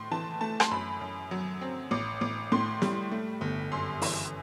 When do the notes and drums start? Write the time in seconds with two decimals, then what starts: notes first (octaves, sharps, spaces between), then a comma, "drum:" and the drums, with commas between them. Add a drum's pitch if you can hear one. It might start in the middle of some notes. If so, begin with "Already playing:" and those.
Already playing: A2 C6
0.11 E3 A5
0.41 A3 A5
0.60 C6, drum: rim click
0.71 F#2 B5
1.01 F#2
1.31 F#3
1.61 C4
1.91 A1 D6
2.21 A1 D6
2.52 A2 C6
2.82 G3, drum: snare
3.12 A3
3.41 G1
3.72 F#2 C6
4.02 E3, drum: open hi-hat